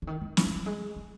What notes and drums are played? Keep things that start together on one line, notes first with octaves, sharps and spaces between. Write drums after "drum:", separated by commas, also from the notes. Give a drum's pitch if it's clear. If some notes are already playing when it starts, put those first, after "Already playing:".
D3
D#3
D#3
E3, drum: snare
F#3
G3
G#3
G3